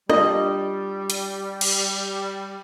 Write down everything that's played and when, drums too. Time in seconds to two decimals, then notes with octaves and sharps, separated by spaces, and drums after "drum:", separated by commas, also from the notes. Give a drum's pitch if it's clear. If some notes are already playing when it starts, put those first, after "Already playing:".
0.10 G3 D4 F4 D#5, drum: rim click
1.10 drum: hi-hat
1.61 drum: cymbal